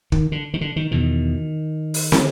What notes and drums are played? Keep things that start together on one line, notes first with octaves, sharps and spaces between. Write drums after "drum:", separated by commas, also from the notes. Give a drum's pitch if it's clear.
D#3, drum: kick
D3
D#3
D3
D#3
E2 B2 D#3
drum: open hi-hat
D3, drum: snare